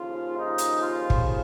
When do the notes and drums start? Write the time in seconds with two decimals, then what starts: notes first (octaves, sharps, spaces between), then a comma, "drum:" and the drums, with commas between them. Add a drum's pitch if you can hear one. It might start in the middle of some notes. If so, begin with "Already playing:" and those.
Already playing: D#2 C#3 F3 F4
0.36 D#4
0.58 drum: hi-hat
0.82 F4
1.10 drum: kick